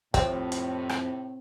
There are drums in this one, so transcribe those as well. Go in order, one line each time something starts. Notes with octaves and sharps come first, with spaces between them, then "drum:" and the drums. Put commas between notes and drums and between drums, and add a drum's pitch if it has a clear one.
F2 A2 C3 C4, drum: kick, hi-hat
drum: hi-hat
drum: rim click